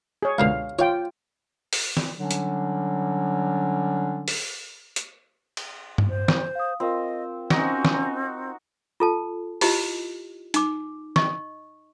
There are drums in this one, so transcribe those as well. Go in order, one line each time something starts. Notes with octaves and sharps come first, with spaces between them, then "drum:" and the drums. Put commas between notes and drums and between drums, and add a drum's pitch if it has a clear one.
G#4 C#5
C#2 B2 D3 F5
F4 C#5 F5 G5
drum: open hi-hat
drum: snare
D3 F#3 G3 C#4 D4
drum: hi-hat
drum: open hi-hat
drum: hi-hat
drum: cymbal
drum: tom G2
C5
drum: snare
F5 D#6
C4 F4 A#4 D#5 F5
C4 C#4 D#4 F#4, drum: snare
drum: snare
F4 A4 A5
E4 F4 G4 D#5, drum: open hi-hat
D#4 D6, drum: hi-hat
D#5 C#6, drum: snare